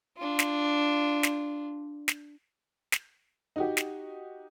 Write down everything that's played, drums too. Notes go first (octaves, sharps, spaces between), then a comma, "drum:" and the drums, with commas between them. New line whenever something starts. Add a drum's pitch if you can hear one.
D4 F4
drum: snare
drum: snare
drum: snare
drum: snare
D#4 F#4 G4
drum: snare